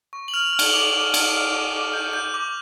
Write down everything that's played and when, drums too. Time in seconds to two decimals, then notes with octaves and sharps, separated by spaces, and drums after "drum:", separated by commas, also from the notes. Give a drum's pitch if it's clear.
0.13 C#6
0.28 F#7
0.34 F6 F7
0.53 F6
0.59 G7, drum: cymbal
0.67 F#7
0.73 D6 F7
0.94 D6
1.14 F6, drum: cymbal
1.34 F6
1.53 D6
1.74 D6
1.93 G6
2.14 G6
2.34 D6